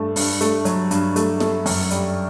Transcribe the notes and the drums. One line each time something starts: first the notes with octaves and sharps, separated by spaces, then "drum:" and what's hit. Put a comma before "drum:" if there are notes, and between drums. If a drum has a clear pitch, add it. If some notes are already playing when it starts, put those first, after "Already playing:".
Already playing: G2 A3
G2, drum: open hi-hat
A3, drum: hi-hat
F#3, drum: hi-hat
G2, drum: hi-hat
A3, drum: hi-hat
A3, drum: snare
F#2, drum: open hi-hat
G3, drum: hi-hat